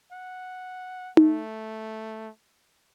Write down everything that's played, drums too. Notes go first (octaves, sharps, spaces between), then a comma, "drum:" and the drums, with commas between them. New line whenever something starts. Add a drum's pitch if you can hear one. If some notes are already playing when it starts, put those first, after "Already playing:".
F#5
A3, drum: tom D#4